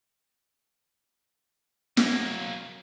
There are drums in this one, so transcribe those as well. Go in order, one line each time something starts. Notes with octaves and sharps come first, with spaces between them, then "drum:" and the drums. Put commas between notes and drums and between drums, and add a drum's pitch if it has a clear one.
F#3 A#3, drum: snare